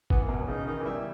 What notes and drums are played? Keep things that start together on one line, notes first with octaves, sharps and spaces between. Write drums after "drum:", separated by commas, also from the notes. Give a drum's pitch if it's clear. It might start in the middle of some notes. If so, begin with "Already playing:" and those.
E3 B3, drum: kick
A#3
B2
B3
C#4
C#3 D#4
D#3 D#4
E3
G3 E4